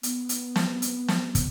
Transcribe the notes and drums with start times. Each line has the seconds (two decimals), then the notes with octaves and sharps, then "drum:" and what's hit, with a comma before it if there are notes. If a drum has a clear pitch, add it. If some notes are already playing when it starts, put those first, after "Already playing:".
0.03 B3, drum: hi-hat
0.29 drum: hi-hat
0.56 drum: snare
0.82 drum: hi-hat
1.08 drum: snare
1.35 drum: kick, hi-hat